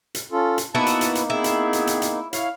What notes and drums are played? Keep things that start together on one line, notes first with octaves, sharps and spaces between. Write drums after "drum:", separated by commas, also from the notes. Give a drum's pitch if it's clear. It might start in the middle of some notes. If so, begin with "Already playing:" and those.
drum: hi-hat
C#4 F4 A4
drum: hi-hat
A#3 B3 D#4 E4 F#4 A5
drum: hi-hat
drum: hi-hat
drum: hi-hat
B3 C4 E4 G#4
drum: hi-hat
drum: hi-hat
drum: hi-hat
drum: hi-hat
E4 C#5 F5, drum: hi-hat